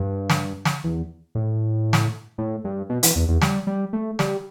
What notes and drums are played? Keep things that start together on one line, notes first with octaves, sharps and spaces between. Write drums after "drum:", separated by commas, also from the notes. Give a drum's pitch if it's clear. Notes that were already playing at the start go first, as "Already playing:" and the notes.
Already playing: G2
drum: snare
drum: snare
E2
A2
drum: snare
A2
G2
B2
E3, drum: hi-hat
E2
E2
G3, drum: snare
G3
A3
G3, drum: snare